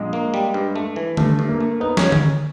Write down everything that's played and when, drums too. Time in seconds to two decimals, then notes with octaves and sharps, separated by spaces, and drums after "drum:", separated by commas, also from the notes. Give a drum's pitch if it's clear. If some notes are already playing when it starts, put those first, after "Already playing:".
Already playing: A#1 G#3
0.13 A#3
0.34 G3
0.54 G2
0.76 A3
0.96 E3
1.17 G2 A3, drum: tom D3
1.39 G2
1.49 A#3
1.60 A3
1.80 B3 D#4
1.97 C#4, drum: snare
2.12 drum: tom D3